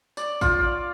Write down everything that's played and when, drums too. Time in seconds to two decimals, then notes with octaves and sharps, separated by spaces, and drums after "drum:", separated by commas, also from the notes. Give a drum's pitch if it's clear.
0.17 D5, drum: tambourine
0.41 F4, drum: kick, tambourine
0.61 D5